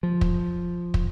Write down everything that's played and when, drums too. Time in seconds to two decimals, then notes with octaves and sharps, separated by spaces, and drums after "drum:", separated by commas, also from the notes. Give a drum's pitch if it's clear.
0.03 F3
0.21 drum: kick
0.94 drum: kick